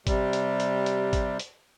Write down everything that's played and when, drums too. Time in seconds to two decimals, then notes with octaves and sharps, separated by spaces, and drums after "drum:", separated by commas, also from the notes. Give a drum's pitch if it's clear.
0.07 C3 G3, drum: kick, hi-hat
0.33 drum: hi-hat
0.60 drum: hi-hat
0.86 drum: hi-hat
1.13 drum: kick, hi-hat
1.40 drum: hi-hat